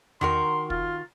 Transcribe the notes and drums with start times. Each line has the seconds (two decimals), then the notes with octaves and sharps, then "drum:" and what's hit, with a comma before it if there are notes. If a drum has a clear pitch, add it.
0.21 D#3 F#4 A#4 C6, drum: tom E2
0.70 F4, drum: kick